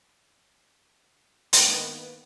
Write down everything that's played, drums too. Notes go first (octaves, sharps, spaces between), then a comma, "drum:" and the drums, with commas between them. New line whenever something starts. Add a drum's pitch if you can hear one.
C#2 G2 A#3 B4 G5, drum: hi-hat
D#3 B3